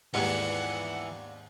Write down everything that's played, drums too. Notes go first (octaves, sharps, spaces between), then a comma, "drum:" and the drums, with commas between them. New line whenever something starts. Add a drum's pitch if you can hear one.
D#2 G#2 E3 G3 B3 D4 F4 F#5, drum: open hi-hat